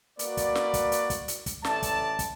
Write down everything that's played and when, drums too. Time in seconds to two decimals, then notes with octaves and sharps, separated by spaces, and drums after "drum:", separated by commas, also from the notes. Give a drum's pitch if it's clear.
0.19 A#3 F#4 B4 D5, drum: hi-hat
0.37 drum: kick, hi-hat
0.55 drum: snare
0.74 drum: kick, hi-hat
0.92 drum: hi-hat
1.10 drum: kick, hi-hat
1.28 drum: hi-hat
1.46 drum: kick, hi-hat
1.65 A1 A3 D5 A5, drum: snare
1.83 drum: kick, hi-hat
2.19 drum: kick, hi-hat